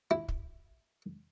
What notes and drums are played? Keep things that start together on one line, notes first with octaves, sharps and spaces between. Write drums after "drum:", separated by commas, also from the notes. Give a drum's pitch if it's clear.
E4
drum: kick